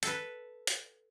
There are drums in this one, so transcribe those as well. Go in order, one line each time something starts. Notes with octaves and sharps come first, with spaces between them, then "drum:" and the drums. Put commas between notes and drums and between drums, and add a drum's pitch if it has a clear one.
A4 B4, drum: hi-hat
drum: hi-hat